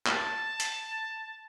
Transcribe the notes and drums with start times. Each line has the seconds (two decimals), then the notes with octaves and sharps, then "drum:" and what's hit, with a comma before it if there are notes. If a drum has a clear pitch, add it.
0.06 A5, drum: clap
0.60 drum: hi-hat